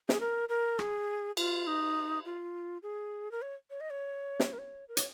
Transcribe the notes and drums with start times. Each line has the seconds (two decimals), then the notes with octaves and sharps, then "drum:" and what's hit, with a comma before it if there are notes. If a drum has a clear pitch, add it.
0.09 G#4, drum: snare
0.20 A#4
0.49 A#4
0.79 G#4, drum: rim click
1.37 F4, drum: cymbal
1.67 D#4
2.25 F4
2.83 G#4
3.31 A#4
3.42 C#5
3.70 C#5
3.81 D#5
3.90 C#5
4.40 drum: snare
4.53 A#4
4.59 C#5
4.89 A#4
4.97 C#5, drum: hi-hat